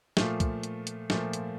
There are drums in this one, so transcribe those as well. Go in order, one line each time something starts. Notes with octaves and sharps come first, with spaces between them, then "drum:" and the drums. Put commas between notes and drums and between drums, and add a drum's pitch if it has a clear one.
A#2 F3 A3, drum: snare
drum: kick, hi-hat
drum: hi-hat
drum: hi-hat
A#2 F3 A3, drum: snare
drum: hi-hat